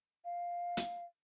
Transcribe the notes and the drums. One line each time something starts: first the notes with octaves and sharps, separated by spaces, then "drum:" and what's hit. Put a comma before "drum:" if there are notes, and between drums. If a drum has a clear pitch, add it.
F5
drum: hi-hat